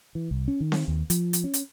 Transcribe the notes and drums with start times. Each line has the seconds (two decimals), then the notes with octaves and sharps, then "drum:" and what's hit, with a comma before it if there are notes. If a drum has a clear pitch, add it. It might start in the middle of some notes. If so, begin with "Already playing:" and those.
0.15 E3
0.31 C2
0.48 C#4
0.60 D#3
0.72 drum: snare C4
0.88 D#2
1.10 F3, drum: hi-hat
1.33 drum: hi-hat
1.44 C#4
1.54 drum: hi-hat